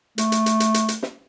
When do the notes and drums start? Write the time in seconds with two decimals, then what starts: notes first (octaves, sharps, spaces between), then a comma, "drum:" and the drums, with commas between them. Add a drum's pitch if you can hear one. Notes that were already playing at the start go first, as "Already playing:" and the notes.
0.18 A3, drum: hi-hat
0.32 drum: hi-hat
0.46 drum: hi-hat
0.60 drum: hi-hat
0.74 drum: hi-hat
0.88 drum: hi-hat
1.03 drum: snare